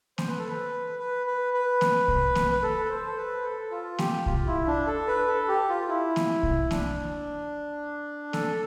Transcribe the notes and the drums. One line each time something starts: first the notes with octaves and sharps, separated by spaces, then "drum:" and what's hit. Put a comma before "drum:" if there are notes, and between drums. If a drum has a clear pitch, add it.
C5, drum: snare A#3
B4
A4
B4
B4
B4
B4
drum: snare A#3
drum: kick
drum: snare A#3
B4
A4
B4
C5
A4
B4
A4
F4
G4, drum: snare A#3
F4, drum: kick
E4
D4
A4
B4
A4
G4
F4
E4
drum: snare A#3
drum: kick
D4, drum: snare A#3
A4, drum: snare A#3